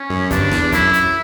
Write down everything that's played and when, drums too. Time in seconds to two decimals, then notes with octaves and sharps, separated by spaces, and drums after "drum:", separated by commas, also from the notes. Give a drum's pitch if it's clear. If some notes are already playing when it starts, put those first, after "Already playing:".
Already playing: C#4
0.10 F#2
0.30 G1 G2 D4, drum: kick, hi-hat
0.51 E2, drum: snare
0.72 F#2 E4, drum: kick, hi-hat
0.93 drum: hi-hat